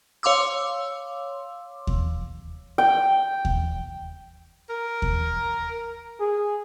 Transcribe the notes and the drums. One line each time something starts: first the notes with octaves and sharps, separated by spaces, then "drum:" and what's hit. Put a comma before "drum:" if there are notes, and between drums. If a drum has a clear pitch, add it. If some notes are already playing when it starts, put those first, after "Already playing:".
C#5 F5 C6 D6 E6
drum: kick D#2
G5
drum: kick D#2
A#4
drum: kick D#2
G#4